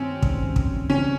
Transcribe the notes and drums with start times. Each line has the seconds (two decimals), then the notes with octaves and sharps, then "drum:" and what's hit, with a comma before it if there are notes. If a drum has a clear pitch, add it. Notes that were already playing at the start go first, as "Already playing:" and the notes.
Already playing: G2 D#3 G3 C4 C#4
0.22 G2 D#3 G3, drum: kick
0.56 drum: kick
0.89 C#3 E3 G3 C4 C#4